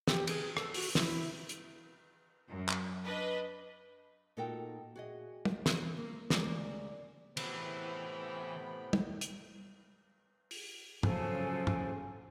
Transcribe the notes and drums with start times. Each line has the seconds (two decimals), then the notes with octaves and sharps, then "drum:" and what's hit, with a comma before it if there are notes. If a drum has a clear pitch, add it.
0.07 G4, drum: snare
0.27 G#4, drum: cymbal
0.57 A4, drum: rim click
0.74 F#4, drum: open hi-hat
0.95 E4, drum: snare
1.49 drum: hi-hat
2.48 F#2
2.69 drum: clap
3.05 D4 B4 D#5
4.37 A#2 D#4 F#4 A4 A#4 G5
4.96 F#4 G#4 D#5
5.45 drum: tom
5.66 drum: snare
5.97 A#3
6.30 D2 C#3 G3 G#3 A#3 D5, drum: snare
7.37 A2 C3 E3 B3 C5 G5 B5, drum: cymbal
8.93 drum: tom
9.21 drum: hi-hat
10.51 drum: open hi-hat
11.03 C#3 F3 F#3 A4 C5 G#5, drum: tom
11.67 drum: tom